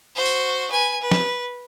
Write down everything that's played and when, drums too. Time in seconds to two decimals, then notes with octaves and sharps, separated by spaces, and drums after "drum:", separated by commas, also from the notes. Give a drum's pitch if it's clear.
0.15 F#4 C5
0.26 drum: tambourine
0.70 B4 G#5
1.01 B4
1.11 drum: snare